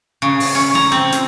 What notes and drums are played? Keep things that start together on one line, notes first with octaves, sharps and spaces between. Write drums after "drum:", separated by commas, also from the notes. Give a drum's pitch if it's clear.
C#3
drum: open hi-hat
C#4
A#5, drum: rim click
C4
drum: hi-hat